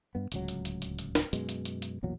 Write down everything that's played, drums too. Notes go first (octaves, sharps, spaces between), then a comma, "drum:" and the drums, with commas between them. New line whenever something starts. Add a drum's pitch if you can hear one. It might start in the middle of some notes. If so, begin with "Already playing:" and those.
G2 B3
D1 C#2 F#3, drum: hi-hat
drum: hi-hat
drum: hi-hat
drum: hi-hat
drum: hi-hat
drum: snare
F#2 B2 G#3, drum: hi-hat
drum: hi-hat
drum: hi-hat
drum: hi-hat
A1 E2 A#2 F#3